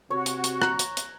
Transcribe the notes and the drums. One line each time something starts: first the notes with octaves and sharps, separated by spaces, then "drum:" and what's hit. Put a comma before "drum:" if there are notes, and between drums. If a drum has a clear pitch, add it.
C3 F#4 C#5
drum: hi-hat
drum: hi-hat
A#5 F#6, drum: rim click
drum: hi-hat
drum: hi-hat